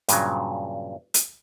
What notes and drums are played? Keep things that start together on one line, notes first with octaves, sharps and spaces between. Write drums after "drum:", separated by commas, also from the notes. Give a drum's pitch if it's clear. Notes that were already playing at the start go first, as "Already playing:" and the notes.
G2 A#2 C#3 F#3, drum: hi-hat
drum: hi-hat